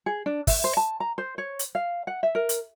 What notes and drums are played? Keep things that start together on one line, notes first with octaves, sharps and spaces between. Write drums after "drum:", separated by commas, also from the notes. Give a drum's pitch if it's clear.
G#4
D4
E5, drum: kick, open hi-hat
C5
A5
A#5
C5
C#5
drum: hi-hat
F5
F#5
E5
A#4
drum: hi-hat